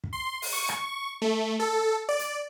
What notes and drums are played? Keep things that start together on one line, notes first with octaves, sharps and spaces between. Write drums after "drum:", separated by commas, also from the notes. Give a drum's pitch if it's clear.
drum: kick
C6
drum: open hi-hat
C#6
drum: rim click
A3
A4
D5
drum: hi-hat